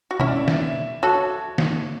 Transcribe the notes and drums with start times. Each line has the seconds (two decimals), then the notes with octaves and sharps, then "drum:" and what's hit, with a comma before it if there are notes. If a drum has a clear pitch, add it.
0.11 F#4
0.20 C#4 E4 E5, drum: tom B2
0.28 D5
0.36 E5
0.48 drum: snare
0.61 E5
1.03 F#4 A4 C#5
1.58 drum: snare